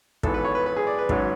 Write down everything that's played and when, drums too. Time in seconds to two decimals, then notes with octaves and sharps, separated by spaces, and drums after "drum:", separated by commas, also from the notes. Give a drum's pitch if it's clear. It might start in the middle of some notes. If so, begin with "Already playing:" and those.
0.23 G#1 G#2 E3 B3 A4, drum: kick
0.34 B4
0.44 C#5
0.55 B4
0.66 B4
0.76 G#4
0.87 D5
0.98 B4
1.09 G#1 G#2 F#3 C#4, drum: kick